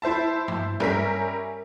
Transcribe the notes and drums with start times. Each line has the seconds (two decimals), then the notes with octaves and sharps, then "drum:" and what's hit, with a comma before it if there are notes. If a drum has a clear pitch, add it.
0.02 E4 C5 E5 A5
0.48 drum: tom G2
0.80 G3 C#4 A#4 E5 B6, drum: tom G2